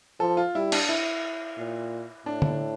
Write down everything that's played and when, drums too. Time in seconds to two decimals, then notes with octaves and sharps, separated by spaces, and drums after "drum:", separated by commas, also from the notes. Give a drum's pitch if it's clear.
0.20 F3 A4
0.37 F4
0.55 G3 E4
0.72 D4, drum: cymbal
0.89 E4
1.57 A#2
2.26 A2 D4
2.42 drum: tom